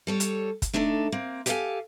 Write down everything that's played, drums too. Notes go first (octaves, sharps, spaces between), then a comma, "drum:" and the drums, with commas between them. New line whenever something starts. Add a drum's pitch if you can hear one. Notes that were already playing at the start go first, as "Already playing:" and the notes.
G3 A4 C#5
drum: hi-hat
drum: kick, hi-hat
A3 D4 D#4 A4
A#3 C4
G4 A4 C#5 E5 F5 G#5, drum: hi-hat